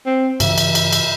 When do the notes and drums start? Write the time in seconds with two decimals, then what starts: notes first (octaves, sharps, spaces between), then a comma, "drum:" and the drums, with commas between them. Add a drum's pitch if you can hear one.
0.06 C4
0.40 G2 C#3 E3 E5, drum: cymbal
0.58 drum: cymbal
0.75 drum: cymbal
0.93 drum: cymbal